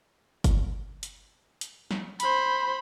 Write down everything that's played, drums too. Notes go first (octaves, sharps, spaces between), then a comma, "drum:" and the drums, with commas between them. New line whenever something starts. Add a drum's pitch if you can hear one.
drum: kick F#1, hi-hat
drum: hi-hat
drum: hi-hat
drum: snare
C5 B5, drum: hi-hat